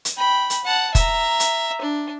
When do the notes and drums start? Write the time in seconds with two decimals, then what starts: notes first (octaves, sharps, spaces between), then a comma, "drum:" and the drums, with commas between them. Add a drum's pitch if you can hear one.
0.05 drum: hi-hat
0.17 G5 B5
0.50 drum: hi-hat
0.65 F#5 A5
0.95 E5 A#5, drum: kick, hi-hat
1.40 drum: hi-hat
1.82 D4